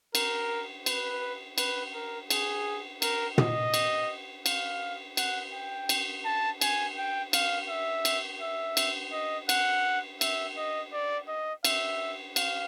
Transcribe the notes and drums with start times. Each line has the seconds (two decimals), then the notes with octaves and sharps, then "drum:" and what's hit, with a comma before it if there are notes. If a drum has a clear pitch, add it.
0.15 A#4, drum: cymbal
0.86 B4, drum: cymbal
1.58 B4, drum: cymbal
1.94 A#4
2.30 G#4, drum: cymbal
3.02 A#4, drum: cymbal
3.38 D#5, drum: tom
3.74 drum: cymbal
4.46 F5, drum: cymbal
5.17 F#5, drum: cymbal
5.53 G5
5.89 drum: cymbal
6.25 A5
6.61 G#5, drum: cymbal
6.97 G5
7.33 F5, drum: cymbal
7.69 E5
8.05 drum: cymbal
8.41 E5
8.77 drum: cymbal
9.13 D#5
9.49 F#5, drum: cymbal
10.21 E5, drum: cymbal
10.57 D#5
10.93 D5
11.28 D#5
11.65 E5, drum: cymbal
12.36 F5, drum: cymbal